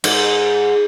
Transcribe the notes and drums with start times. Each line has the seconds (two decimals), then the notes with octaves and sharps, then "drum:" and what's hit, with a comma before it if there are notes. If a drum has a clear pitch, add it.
0.04 G#2, drum: cymbal